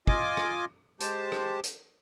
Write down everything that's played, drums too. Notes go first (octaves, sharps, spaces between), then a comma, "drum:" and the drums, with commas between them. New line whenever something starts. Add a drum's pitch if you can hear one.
F4 D#5 G#5 D6, drum: kick
drum: rim click
G#3 G4 C5 A5, drum: hi-hat
drum: rim click
drum: hi-hat